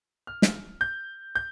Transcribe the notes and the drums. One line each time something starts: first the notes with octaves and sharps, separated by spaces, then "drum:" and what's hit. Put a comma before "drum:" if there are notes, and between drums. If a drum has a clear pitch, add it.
F6
drum: snare
G6
G6